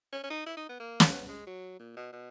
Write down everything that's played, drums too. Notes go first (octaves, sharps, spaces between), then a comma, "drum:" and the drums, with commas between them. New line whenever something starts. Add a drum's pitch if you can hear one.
C#4
C#4
D#4
E4
D#4
B3
A#3
drum: snare
B3
G#3
F#3
A#2
B2
B2